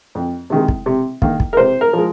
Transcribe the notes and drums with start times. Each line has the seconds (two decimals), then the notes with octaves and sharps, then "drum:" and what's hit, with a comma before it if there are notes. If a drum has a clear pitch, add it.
0.15 F2
0.50 C3 D#3 G#3
0.68 drum: kick
0.86 C3
1.22 D#3 A#3, drum: kick
1.40 drum: kick
1.53 A#4
1.57 C3 C5
1.81 A#4
1.93 F3 G#3